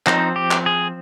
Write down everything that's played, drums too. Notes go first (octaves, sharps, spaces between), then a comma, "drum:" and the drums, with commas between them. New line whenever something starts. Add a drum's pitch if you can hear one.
F3 C4 D#4, drum: clap
G4
drum: clap
G#4